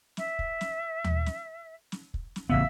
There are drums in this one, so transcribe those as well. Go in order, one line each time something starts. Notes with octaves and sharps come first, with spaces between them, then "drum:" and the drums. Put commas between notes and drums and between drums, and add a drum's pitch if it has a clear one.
E5, drum: snare
drum: kick
drum: snare
drum: tom D#2
drum: snare
drum: snare
drum: kick
drum: snare
A1 C#3 B3 E5 F5 E6